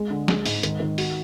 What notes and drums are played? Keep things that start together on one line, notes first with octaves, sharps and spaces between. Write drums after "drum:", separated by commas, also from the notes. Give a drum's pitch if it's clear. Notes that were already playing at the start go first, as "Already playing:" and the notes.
Already playing: G#3
D3
G#3, drum: snare
G#2, drum: open hi-hat
D#3, drum: hi-hat
D#3
F#4, drum: open hi-hat